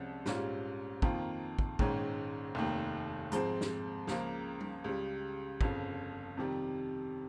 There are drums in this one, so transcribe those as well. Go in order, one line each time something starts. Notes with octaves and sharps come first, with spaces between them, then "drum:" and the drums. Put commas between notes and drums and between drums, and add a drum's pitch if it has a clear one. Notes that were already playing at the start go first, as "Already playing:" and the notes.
Already playing: C2 C3 F3 G#3 C#4
A#1 G#2 G3 C#4 F4, drum: snare
F2 D#3 A#3 F4, drum: kick
drum: kick
A#1 G#2 D#3 G#3 C#4, drum: kick
F1 D#2 D#3
G#2 F3 G#3 C4, drum: hi-hat
drum: snare
C#2 C#3 F3 A#3, drum: snare
drum: tom G3
C#2 C#3 G3
G1 F2 C#3, drum: kick
F2 C3 D#3 G3